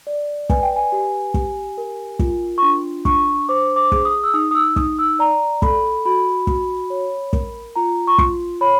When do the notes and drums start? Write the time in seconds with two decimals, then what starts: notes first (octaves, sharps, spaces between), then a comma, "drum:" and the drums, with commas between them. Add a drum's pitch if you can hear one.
0.07 D5
0.50 B4 G#5, drum: kick
0.63 G5
0.76 G#5
0.92 G4
1.34 G4, drum: kick
1.78 A#4
2.19 F4, drum: kick
2.58 C#6
2.62 D4 C6
3.05 D4 C#6, drum: kick
3.49 C5 D6
3.76 D6
3.92 G#4, drum: kick
4.05 D#6
4.24 E6
4.34 D#4 D#6
4.51 D#6
4.55 E6
4.76 D#4 D#6, drum: kick
4.99 E6
5.19 D5 A#5
5.62 A4 B5, drum: kick
6.05 F#4 B5
6.47 F#4, drum: kick
6.90 C#5
7.33 A#4, drum: kick
7.76 F4 A#5
8.07 C#6
8.18 F4 C6, drum: kick
8.61 C#5 B5